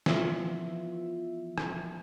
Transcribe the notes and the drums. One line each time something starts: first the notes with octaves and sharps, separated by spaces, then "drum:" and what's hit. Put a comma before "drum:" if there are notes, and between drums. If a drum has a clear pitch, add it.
E3 F3 B3 F4 E5, drum: snare
drum: rim click